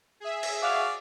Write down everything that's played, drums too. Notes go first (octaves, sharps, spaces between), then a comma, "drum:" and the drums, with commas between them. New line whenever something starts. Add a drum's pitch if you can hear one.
G#4 E5
drum: cymbal
F#4 D5 F5